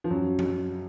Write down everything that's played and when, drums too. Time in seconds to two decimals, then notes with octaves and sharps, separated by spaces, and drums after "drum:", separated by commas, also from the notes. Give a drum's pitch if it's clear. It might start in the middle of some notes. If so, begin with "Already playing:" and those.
0.04 F3
0.10 F#2 F#3
0.39 drum: tom F3